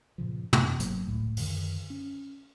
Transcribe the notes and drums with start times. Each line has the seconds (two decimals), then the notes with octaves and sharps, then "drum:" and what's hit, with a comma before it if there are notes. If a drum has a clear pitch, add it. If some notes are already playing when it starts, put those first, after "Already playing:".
0.18 G2 A#2 C#3 F3
0.53 F#2 E3 B3, drum: tom
0.80 G1 G#2 F#3 A#3, drum: hi-hat
1.07 D#1 C#2 A2 A3
1.37 F#2 D3 D#3, drum: open hi-hat
1.90 C#4